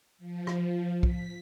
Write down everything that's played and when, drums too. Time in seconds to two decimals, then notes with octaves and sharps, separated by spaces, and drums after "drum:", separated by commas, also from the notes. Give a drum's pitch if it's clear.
0.18 F3
0.47 drum: rim click
1.03 B6, drum: kick